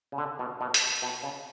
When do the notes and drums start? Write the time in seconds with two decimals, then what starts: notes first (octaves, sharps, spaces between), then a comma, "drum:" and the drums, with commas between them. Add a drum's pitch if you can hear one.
0.12 C#3
0.18 D3
0.39 B2
0.61 B2
0.74 drum: hi-hat
1.02 B2
1.23 C#3